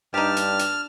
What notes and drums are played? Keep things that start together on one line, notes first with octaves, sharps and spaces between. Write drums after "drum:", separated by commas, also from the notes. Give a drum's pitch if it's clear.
G2 D4 D#4 G4 A5 F6
drum: hi-hat
drum: hi-hat